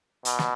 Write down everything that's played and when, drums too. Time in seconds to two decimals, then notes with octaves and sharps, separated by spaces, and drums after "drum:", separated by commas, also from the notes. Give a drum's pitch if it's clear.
0.25 B2, drum: hi-hat
0.39 drum: snare